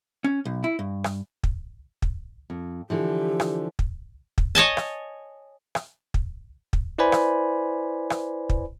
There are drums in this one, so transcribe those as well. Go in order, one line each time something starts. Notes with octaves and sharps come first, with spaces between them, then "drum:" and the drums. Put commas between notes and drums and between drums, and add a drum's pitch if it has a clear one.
C#4
B1
E4
G2
drum: rim click
drum: kick
drum: kick
F2
D3 E3 F3 G4
drum: rim click
drum: kick
drum: kick
C#5 D#5 G#5 A5
drum: rim click
drum: rim click
drum: kick
drum: kick
E4 B4 C5 D5 G#5 B5
drum: rim click
drum: rim click
drum: kick